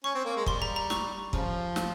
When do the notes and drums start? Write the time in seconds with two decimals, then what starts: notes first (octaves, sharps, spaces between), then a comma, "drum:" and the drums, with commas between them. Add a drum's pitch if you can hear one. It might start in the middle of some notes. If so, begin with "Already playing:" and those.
0.04 C#4 C#6
0.15 C4
0.25 A#3
0.37 G#3
0.46 G3 C6, drum: kick
0.62 A#5
0.76 A#5
0.90 C#6, drum: snare
1.33 C#3 F3, drum: kick
1.76 drum: snare